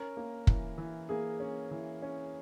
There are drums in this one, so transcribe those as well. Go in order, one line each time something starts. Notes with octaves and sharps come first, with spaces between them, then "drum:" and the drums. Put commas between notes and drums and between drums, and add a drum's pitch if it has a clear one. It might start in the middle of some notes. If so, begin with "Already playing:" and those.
Already playing: C#4 A#4
A#3
E3, drum: kick
E3
A#3 G#4
C#4
E3
C#4